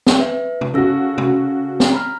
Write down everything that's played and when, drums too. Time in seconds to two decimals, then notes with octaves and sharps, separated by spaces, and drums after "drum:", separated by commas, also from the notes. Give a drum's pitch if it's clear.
0.07 drum: snare
0.19 B4 E5
0.61 drum: tom
0.74 C#3 F#4 A4 E6 A#6
1.18 drum: tom
1.80 drum: snare
1.92 A#5 B5 F6